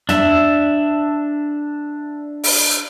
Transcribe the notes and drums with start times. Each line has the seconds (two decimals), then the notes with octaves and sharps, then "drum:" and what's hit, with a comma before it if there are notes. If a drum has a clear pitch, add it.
0.09 D4 E5, drum: tom
2.44 drum: open hi-hat